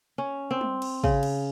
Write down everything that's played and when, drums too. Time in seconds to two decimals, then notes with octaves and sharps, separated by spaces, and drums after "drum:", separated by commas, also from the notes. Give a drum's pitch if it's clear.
0.18 C#4
0.51 C4
0.61 drum: tom G3
0.82 drum: cymbal
1.04 C#3, drum: kick
1.23 drum: cymbal